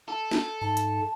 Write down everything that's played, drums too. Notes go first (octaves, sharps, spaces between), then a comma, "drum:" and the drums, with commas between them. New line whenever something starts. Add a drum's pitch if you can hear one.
A4
drum: snare
G#2 A5
drum: hi-hat